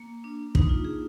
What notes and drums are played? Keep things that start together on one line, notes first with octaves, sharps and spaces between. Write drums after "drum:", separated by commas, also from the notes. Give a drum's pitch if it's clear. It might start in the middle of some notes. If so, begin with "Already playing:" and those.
Already playing: A#3
D4
D#4, drum: kick
F4
G#4